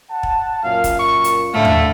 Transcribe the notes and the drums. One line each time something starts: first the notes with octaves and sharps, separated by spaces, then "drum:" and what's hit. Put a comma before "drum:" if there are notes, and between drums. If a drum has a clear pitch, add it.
F#5 A5
drum: kick
F#2 A#2 F5
drum: kick, hi-hat
C#6
drum: hi-hat
A2 D3 A3 F5
drum: tom